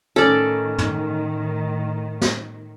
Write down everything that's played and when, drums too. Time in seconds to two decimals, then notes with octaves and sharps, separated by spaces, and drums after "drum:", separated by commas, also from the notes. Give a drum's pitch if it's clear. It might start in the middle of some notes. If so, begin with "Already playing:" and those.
0.16 A2 D#3 C#4 A4 D5
0.79 drum: tom
2.21 drum: snare